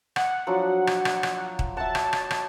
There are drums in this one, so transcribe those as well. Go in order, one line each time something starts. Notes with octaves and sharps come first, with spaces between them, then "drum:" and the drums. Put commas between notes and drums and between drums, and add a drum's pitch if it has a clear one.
F#5, drum: rim click
F3 F#3 D4
drum: rim click
drum: rim click
drum: rim click
drum: kick D#1
E5 F#5 A5
drum: rim click
drum: rim click
drum: rim click